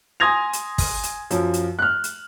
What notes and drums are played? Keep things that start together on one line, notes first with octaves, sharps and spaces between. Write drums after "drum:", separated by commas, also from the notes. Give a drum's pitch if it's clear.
G#5 C6 D#6 G#6 A#6 F7
drum: hi-hat
drum: kick, open hi-hat
drum: hi-hat
F#2 F3, drum: hi-hat
drum: hi-hat
F6 F#6
drum: hi-hat